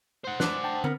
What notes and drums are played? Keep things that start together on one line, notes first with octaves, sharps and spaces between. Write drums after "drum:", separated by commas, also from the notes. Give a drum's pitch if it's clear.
C5 F#5
D4 D5 F#6, drum: snare
G5 A5
D3 B3 C4 A#4